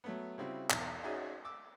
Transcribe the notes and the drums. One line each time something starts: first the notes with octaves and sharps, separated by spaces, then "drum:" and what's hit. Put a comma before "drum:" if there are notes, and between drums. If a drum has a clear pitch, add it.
F#3 A3 B3
C#3 G3 C4 E4 F#4
B1 E2, drum: clap
C#4 D#4 F#4 G#4 D5 E5
D6 E6